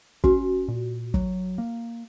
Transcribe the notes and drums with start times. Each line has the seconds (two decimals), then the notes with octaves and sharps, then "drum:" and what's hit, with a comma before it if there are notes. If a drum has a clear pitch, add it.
0.24 C#4 F#4, drum: kick
0.68 A#2
1.14 F#3, drum: kick
1.58 A#3